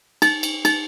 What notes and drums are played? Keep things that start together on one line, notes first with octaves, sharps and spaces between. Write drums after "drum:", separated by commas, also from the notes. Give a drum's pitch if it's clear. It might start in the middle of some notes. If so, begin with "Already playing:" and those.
D#4, drum: cymbal
drum: cymbal
D#4, drum: cymbal